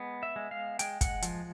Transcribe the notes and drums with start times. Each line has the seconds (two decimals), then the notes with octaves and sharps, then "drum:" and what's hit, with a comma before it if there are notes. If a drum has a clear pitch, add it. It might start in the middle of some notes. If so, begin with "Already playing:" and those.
Already playing: G#3 B3
0.23 E5
0.36 G#3
0.51 F5
0.79 G#3 G5, drum: hi-hat
1.01 F#5, drum: kick, hi-hat
1.22 F3, drum: hi-hat